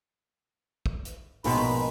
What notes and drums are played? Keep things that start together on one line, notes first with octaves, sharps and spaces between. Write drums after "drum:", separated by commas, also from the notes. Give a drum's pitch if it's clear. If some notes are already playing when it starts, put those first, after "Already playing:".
drum: kick
drum: hi-hat
A#1 G#2 B2 D#3 F3 G#3 B5, drum: open hi-hat
drum: tom A#2